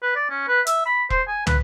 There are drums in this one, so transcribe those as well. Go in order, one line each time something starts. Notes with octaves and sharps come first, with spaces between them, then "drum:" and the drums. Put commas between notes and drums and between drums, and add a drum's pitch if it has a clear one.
B4
D5
C#4
B4
E5, drum: hi-hat
B5
C5, drum: kick E1
G#5
B4, drum: tom